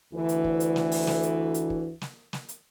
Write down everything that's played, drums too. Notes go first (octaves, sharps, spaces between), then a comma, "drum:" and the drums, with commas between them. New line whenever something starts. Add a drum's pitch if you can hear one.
D2 E3
drum: hi-hat
drum: kick
drum: hi-hat
drum: snare
drum: open hi-hat
drum: snare
drum: hi-hat
drum: hi-hat
drum: kick
drum: snare
drum: snare
drum: hi-hat